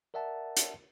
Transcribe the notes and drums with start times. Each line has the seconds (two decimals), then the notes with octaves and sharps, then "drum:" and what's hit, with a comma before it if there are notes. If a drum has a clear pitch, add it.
0.14 A#4 D5 E5 F#5 A5
0.57 drum: hi-hat